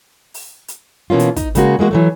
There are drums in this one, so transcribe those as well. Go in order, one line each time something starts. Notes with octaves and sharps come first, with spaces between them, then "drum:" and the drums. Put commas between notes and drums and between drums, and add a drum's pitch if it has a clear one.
drum: open hi-hat
drum: hi-hat
B2 E3 A#3 C#4 F4
drum: hi-hat
D#4, drum: kick, hi-hat
C#3 G#3 A#3 F#4, drum: hi-hat
E3 G#3 A#3 F#4
E3 F#3 A3